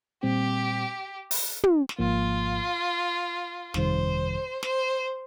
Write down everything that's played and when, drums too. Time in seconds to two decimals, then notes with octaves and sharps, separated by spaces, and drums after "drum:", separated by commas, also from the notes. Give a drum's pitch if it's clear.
0.23 A#2 G3 C4 G4
1.31 drum: open hi-hat
1.64 drum: tom
1.89 drum: snare
1.99 G#1 G#2 F3 A#3 F4
3.74 G1 F2 C3 D#3 G3 C5, drum: snare
4.63 C5, drum: snare